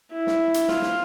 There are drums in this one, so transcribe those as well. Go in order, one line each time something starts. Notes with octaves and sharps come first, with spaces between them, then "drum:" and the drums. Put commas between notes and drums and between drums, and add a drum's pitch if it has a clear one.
E4
drum: snare
drum: hi-hat
F4, drum: snare
drum: snare